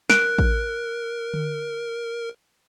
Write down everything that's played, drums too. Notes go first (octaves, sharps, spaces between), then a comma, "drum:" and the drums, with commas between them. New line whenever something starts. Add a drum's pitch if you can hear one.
A#4 F#6 D7, drum: snare
drum: kick A1
drum: tom D3